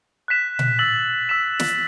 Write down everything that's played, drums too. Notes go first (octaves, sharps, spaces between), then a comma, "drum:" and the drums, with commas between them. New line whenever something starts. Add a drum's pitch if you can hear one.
F#6 B6 E7
drum: tom A#2
E6 A6 F#7
E6 B6 E7
drum: snare